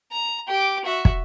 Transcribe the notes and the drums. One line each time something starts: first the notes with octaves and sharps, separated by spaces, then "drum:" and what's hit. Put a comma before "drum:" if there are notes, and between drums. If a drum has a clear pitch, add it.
A#5
G4 D6
F#4 E5
drum: kick